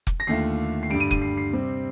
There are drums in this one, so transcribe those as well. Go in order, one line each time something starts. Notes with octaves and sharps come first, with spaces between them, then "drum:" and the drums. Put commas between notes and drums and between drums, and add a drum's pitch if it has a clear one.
drum: kick F1
A#6
D#2 D3 A3 D4 F4 C7
C7
G2 D3 G3 D7
D#7
D#7, drum: kick F1
C7
C7
C3 G3 C4